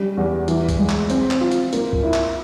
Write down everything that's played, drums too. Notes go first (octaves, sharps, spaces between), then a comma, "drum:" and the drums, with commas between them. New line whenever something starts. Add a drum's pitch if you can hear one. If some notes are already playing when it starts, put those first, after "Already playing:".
Already playing: G3 C#4
E2
E3, drum: hi-hat
drum: kick B1, hi-hat
G#3
drum: clap
C4, drum: hi-hat
drum: clap
F4
drum: hi-hat
A#3, drum: hi-hat
drum: kick B1
E4
drum: clap